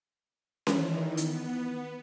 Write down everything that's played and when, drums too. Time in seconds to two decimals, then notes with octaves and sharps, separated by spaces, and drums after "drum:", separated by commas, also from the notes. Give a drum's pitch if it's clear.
0.67 D#3 E3, drum: snare C#4
1.17 B3, drum: hi-hat